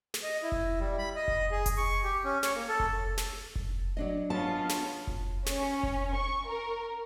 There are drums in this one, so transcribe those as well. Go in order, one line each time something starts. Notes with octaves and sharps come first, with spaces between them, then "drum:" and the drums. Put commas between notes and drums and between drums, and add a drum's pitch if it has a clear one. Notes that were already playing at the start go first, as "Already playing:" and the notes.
drum: snare
D#5
E4
drum: kick F1
G3
B5
D#5
drum: kick F1
G#4
drum: kick F1, hi-hat
C#6
G4
C#4
C#5, drum: snare
A#3
A4
drum: kick F1
drum: snare
drum: kick F1
F#3 D4 D#5
B3 C#4 F4 A5
drum: snare
drum: kick F1
C#4, drum: snare
drum: kick F1
C#6
A#4